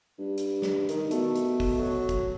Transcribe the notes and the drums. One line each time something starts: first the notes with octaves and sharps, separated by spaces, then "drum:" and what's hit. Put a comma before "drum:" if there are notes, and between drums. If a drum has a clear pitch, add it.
G2
drum: hi-hat
drum: snare
D#3, drum: hi-hat
B2 A3, drum: hi-hat
drum: hi-hat
drum: kick, open hi-hat
F#3
drum: kick, hi-hat